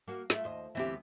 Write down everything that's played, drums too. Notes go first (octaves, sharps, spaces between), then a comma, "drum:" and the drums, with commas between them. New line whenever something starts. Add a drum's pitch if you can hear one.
A#3 F#4
A3 F4, drum: snare
D#2 C5 D#5
D2 E3 B3 C4 G4 E5